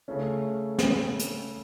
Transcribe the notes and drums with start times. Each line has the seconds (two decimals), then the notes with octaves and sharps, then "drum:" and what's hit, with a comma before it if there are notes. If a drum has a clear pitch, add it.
0.08 C#3 A3 C#4
0.79 drum: snare
1.19 drum: hi-hat